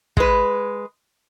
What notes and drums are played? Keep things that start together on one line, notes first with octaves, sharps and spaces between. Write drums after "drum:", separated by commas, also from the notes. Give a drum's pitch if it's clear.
G#3 B4, drum: kick